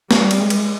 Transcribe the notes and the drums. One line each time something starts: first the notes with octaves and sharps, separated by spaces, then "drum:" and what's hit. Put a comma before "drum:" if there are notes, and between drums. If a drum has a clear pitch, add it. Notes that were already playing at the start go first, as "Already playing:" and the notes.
G3, drum: snare
drum: cymbal
G#3
drum: cymbal